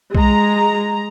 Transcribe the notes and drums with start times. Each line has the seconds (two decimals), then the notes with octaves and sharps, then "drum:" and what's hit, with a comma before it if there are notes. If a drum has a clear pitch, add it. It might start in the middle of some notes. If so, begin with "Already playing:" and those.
0.15 G#3 A#5, drum: kick B1